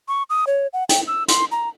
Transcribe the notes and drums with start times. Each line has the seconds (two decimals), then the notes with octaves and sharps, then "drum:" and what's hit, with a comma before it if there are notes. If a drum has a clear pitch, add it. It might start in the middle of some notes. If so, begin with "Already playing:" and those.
0.08 C#6
0.30 D#6
0.47 C#5
0.73 F#5
0.89 G5, drum: hi-hat
1.07 E6
1.28 C6, drum: hi-hat
1.52 A#5